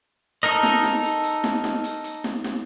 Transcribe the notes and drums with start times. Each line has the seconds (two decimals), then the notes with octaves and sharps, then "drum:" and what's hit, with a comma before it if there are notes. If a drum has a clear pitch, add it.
0.43 D#4 A4 A#4 D#5, drum: hi-hat
0.63 drum: snare
0.83 drum: snare
1.03 drum: hi-hat
1.24 drum: hi-hat
1.44 drum: snare
1.64 drum: snare
1.84 drum: hi-hat
2.04 drum: hi-hat
2.24 drum: snare
2.44 drum: snare